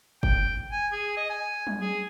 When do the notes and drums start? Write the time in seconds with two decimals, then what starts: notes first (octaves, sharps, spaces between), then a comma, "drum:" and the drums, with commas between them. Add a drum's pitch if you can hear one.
0.23 G5, drum: kick F#1
0.72 G#5
0.92 G#4
1.17 D#5
1.30 G#5
1.67 drum: tom F#3
1.81 G#4